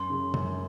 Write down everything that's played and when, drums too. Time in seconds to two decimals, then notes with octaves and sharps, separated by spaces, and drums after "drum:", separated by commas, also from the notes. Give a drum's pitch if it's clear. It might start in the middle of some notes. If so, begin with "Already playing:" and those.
Already playing: F#2 C6
0.10 C#3
0.34 F#2, drum: tom